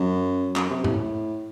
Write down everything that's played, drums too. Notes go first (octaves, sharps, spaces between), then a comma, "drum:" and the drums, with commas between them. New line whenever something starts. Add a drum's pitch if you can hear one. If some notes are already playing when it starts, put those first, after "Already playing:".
Already playing: F#2
F#2, drum: clap
C3
A2, drum: tom G#2